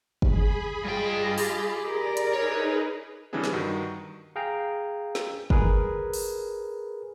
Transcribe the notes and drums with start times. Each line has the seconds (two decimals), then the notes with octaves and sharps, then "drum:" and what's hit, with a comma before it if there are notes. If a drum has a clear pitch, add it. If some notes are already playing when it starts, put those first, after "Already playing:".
0.22 G#4 B5, drum: kick G1
0.85 G2 F4 D#5 G5
1.38 G4, drum: open hi-hat
1.88 A#4 D5 D6
2.17 drum: hi-hat
2.34 D#4 G#4 B4 C#5
3.33 C#3 E3 G3 C4 D4 G#4
3.44 drum: snare
3.53 G2 D#3 D#4 F#4
4.36 G#4 F5 G5 A#5
5.15 drum: snare
5.50 G#4 A#4 B4, drum: kick G1
6.14 drum: open hi-hat